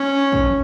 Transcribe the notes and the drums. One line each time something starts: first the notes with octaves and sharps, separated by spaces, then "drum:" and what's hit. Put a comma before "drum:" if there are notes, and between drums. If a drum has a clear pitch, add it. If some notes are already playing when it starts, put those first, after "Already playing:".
Already playing: C#4
drum: kick